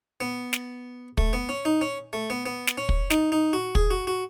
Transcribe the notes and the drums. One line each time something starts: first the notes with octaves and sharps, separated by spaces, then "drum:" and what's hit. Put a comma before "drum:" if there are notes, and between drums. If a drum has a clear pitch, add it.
B3
drum: snare
A3, drum: kick
B3
C#4
D#4
C#4
A3
B3
B3
drum: snare
C#4
drum: kick
D#4, drum: snare
D#4
F#4
G#4, drum: kick
F#4
F#4